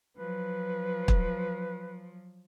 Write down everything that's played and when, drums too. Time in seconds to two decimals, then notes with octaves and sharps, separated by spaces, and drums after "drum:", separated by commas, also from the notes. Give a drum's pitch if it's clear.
0.17 F3 F#3 B4
1.08 drum: kick